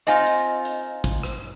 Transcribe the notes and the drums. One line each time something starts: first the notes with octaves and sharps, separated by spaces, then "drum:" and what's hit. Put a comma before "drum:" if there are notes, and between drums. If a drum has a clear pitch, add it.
C4 D#4 F4 D#5 G#5
drum: hi-hat
drum: hi-hat
drum: kick, hi-hat
drum: rim click